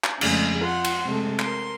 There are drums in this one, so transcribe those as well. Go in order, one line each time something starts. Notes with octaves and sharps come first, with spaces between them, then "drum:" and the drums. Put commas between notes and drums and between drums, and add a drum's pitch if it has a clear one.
drum: clap
F2 C#3 G#3 A3, drum: cymbal
F4 F#5 C6
drum: cymbal
C3 G#3 A3
A#4 C6, drum: clap